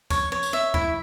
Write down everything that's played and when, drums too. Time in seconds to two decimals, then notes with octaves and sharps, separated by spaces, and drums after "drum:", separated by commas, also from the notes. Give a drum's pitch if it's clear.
0.10 C#5, drum: kick D2, tambourine
0.32 C#5
0.43 drum: tambourine
0.53 E5
0.74 E4, drum: kick D2